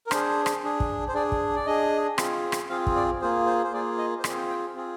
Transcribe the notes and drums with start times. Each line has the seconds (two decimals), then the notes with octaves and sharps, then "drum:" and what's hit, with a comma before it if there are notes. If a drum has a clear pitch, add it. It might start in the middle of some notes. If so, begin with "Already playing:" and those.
0.07 A#4
0.11 D4 G#4 C5, drum: rim click
0.46 drum: rim click
0.63 D4 G#4
0.80 drum: kick
1.08 C5
1.14 D4 G#4 D5
1.32 drum: kick
1.56 D5
1.66 D4 G#4 D#5
2.18 C4 F4 G#4, drum: rim click
2.52 drum: rim click
2.69 C4 F4 G#4 F5
2.87 drum: kick
2.96 D5
3.22 A#3 F4 G#4 C5
3.46 C5
3.63 C5
3.73 A#3 F4 G#4 D5
3.98 D#5
4.19 C5
4.24 C4 F4 G#4 D5, drum: rim click
4.37 C5
4.50 G5
4.76 C4 F4 G#4